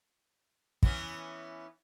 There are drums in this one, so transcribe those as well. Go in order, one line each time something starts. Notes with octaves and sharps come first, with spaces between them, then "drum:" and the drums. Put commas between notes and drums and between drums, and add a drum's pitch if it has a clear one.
E3 B3 C#4, drum: kick